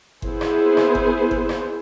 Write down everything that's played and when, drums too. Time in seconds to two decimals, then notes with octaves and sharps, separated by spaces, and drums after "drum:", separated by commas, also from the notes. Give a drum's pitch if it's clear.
0.22 B3 E4 G#4 C5, drum: kick G1
0.41 drum: rim click
0.77 drum: rim click
0.95 drum: kick G1
1.31 drum: kick G1
1.49 drum: rim click